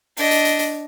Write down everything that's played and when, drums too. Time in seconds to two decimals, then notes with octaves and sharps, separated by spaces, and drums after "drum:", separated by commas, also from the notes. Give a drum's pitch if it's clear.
0.17 D4 D#5, drum: open hi-hat
0.31 drum: hi-hat
0.45 drum: hi-hat
0.59 drum: hi-hat